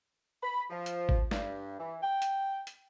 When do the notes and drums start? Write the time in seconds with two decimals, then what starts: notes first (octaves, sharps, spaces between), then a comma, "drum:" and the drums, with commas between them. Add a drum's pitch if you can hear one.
0.43 B5
0.70 F3
0.86 drum: hi-hat
1.09 drum: kick G#1
1.31 G2, drum: snare
1.80 E3
2.02 G5
2.22 drum: hi-hat
2.67 drum: hi-hat